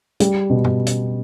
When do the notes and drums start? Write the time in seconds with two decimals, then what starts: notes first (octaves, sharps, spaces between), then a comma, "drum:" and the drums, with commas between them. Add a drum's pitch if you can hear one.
0.20 G3, drum: hi-hat
0.50 B2
0.64 drum: tom G2
0.87 drum: hi-hat